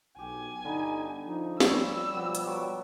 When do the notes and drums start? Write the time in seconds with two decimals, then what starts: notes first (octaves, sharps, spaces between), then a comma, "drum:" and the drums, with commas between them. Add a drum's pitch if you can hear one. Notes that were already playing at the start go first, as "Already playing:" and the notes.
0.19 B1 G4 G#5
0.65 G1 D3 D#4 B5
1.27 F3 D#4
1.60 G3 C#5 E6, drum: snare
2.14 B2 F3 B3 G4
2.35 drum: hi-hat
2.47 F#3 C#6 D6